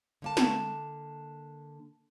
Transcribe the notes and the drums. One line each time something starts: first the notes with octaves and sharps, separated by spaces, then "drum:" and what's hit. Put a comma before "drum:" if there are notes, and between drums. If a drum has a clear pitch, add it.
D3 A#3 A5
drum: snare